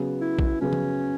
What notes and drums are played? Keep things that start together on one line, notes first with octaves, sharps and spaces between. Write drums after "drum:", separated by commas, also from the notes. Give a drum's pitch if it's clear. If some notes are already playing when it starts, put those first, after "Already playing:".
Already playing: C#3 F#3 B3 G#4 B4
E4
drum: kick
C#3 F#3 B3 C#4 G#4 B4
drum: tom F3